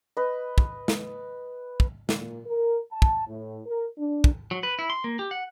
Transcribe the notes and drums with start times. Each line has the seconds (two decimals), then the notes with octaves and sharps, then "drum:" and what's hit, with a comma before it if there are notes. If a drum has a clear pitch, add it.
0.17 B4 D#5
0.58 drum: kick
0.88 drum: snare
1.80 drum: kick
2.09 A#2, drum: snare
2.46 A#4
2.93 A5
3.02 drum: kick
3.27 A2
3.66 A#4
3.99 D4
4.24 drum: kick
4.51 F#3
4.63 B4
4.79 E4
4.90 C6
5.04 A#3
5.19 G4
5.31 F#5